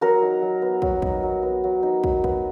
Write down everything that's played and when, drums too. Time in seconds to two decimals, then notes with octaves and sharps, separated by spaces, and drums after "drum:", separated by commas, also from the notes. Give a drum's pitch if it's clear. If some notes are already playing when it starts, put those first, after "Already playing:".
0.01 F#3 F#4 A#4
0.22 D#4
0.42 F#3
0.62 B3
0.82 F#3, drum: kick
1.02 D#4, drum: kick
1.23 F#3
1.43 B3
1.64 F#3
1.83 D#4
2.04 F#3, drum: kick
2.24 B3, drum: kick